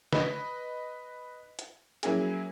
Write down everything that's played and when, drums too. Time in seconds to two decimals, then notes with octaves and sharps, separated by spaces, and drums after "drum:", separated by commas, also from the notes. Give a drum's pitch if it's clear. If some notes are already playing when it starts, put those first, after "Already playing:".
0.13 B4 D#5, drum: snare
1.59 drum: hi-hat
2.03 F#3 A#3 C#4 E4 G#4, drum: hi-hat